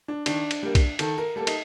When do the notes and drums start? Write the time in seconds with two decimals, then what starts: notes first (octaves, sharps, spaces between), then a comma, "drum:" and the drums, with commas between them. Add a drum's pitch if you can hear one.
0.08 D4
0.26 D#3 D4, drum: cymbal
0.51 drum: cymbal
0.63 G3 A#3
0.75 drum: kick B1, cymbal
0.99 D#3 A4, drum: cymbal
1.18 A#4
1.36 G3 A#3 A4
1.47 D#4, drum: cymbal